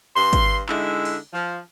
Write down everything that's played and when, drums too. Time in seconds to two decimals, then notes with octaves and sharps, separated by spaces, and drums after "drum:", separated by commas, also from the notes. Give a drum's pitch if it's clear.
0.16 G2 C6
0.33 drum: kick G#1, hi-hat
0.69 D3 G#3 D#4 E4 E5, drum: clap
1.05 drum: open hi-hat
1.33 F3